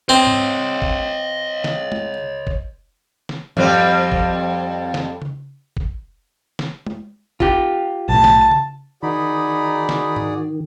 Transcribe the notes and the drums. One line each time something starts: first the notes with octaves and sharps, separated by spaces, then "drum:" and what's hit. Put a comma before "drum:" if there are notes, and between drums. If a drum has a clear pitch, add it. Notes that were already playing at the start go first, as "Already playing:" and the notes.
C4 C#5 D#5
drum: tom G#2
drum: kick
drum: snare
drum: tom G#3
drum: kick
drum: snare
F2 G3 C4, drum: tom G#2
drum: kick
drum: snare
drum: tom C#3
drum: kick
drum: snare
drum: tom G#3
F4 G4, drum: kick
B1 A2 A5
drum: snare
drum: tom C#3
D#3 D#4 F#4 G#4 D5 B5
drum: snare
drum: tom G#2